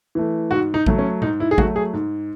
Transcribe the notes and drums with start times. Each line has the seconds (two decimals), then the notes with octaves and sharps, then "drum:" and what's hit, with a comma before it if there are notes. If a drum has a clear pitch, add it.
0.15 E3 A3
0.51 G#2 F#4
0.74 D#4
0.86 F#3 A3, drum: kick A1
0.98 C#4
1.22 G#2 D#4, drum: tom A#2
1.40 E4
1.51 G#4
1.58 F#3 A3 F#4, drum: kick A1
1.76 G#4
1.93 G#2